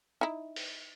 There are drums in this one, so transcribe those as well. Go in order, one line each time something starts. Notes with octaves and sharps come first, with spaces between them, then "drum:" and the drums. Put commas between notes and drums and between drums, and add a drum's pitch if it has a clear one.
D#4 E4
drum: open hi-hat